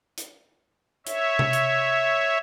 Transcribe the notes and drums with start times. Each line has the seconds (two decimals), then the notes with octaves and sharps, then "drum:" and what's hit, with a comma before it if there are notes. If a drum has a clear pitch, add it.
0.18 drum: hi-hat
1.07 C#5 E5, drum: hi-hat
1.39 drum: tom C3
1.53 drum: hi-hat